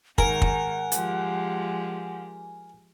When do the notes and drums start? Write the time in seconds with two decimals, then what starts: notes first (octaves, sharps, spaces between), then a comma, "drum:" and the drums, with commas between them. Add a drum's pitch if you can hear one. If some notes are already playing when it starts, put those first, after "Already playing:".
0.18 G#2 D#3 D#4 A#4 F#5 G#5, drum: kick
0.42 drum: kick
0.92 F3 G#3 G4, drum: hi-hat